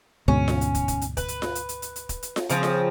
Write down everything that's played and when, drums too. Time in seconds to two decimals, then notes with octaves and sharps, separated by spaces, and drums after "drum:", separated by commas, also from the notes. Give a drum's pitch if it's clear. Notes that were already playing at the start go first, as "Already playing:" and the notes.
0.28 D2 G#2 B2 C#4
0.48 drum: snare F4
0.61 drum: hi-hat
0.75 drum: kick, hi-hat
0.88 drum: kick, hi-hat
1.01 drum: hi-hat
1.17 B4, drum: kick, hi-hat
1.28 drum: hi-hat
1.42 drum: snare F4
1.55 drum: hi-hat
1.69 drum: hi-hat
1.82 drum: hi-hat
1.96 drum: hi-hat
2.09 drum: kick, hi-hat
2.23 drum: hi-hat
2.36 drum: snare F4
2.49 C#3 F3 C4, drum: hi-hat
2.63 drum: snare F4